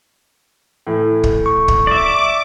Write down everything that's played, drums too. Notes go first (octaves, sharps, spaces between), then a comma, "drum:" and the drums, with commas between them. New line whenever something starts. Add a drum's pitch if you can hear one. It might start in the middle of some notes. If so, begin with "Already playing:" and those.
A2 E3
drum: kick
C#6
drum: kick
D5 E5 D6